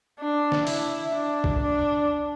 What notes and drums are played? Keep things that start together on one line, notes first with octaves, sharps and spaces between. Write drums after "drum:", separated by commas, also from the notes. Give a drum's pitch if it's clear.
D4
drum: snare
E4, drum: open hi-hat
D4
drum: kick
D4